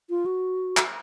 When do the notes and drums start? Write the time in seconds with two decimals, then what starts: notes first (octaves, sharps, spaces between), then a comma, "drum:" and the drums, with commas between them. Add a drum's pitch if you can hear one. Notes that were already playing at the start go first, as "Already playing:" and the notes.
0.10 F4
0.26 F#4
0.77 drum: clap